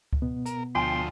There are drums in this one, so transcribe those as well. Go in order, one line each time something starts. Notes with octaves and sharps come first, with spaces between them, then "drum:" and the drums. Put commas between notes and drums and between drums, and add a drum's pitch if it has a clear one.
drum: kick C#2
B2 B3
A#4, drum: hi-hat
D2 F3 G5 G#5 C6